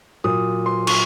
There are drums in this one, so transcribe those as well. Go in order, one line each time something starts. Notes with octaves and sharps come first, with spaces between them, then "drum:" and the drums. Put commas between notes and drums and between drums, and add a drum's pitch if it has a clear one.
A#2 F#3 D#6
C6
C#6, drum: cymbal